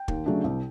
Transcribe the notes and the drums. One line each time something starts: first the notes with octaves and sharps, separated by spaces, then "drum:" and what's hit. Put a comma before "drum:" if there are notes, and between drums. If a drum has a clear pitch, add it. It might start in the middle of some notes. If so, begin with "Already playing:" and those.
Already playing: G5
D#2, drum: kick
C#3 F#3 A3 D4
C2